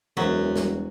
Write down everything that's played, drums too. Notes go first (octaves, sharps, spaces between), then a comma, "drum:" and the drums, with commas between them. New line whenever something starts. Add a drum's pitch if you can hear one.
E1 F#2 F#3 C5, drum: tom E3
drum: snare